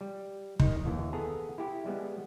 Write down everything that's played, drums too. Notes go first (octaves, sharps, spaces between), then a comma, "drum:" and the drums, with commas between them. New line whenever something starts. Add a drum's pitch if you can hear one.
G3
D#3 D#4, drum: kick
D#2 E3
B3 G#4 A4 A#5
E4 G4
G3 G#3 B3